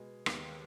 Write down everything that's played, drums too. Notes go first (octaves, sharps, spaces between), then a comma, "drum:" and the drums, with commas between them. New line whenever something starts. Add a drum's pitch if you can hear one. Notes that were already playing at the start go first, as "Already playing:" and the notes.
Already playing: B2 G#3 B3
D#2 D#3 G#3 B3, drum: rim click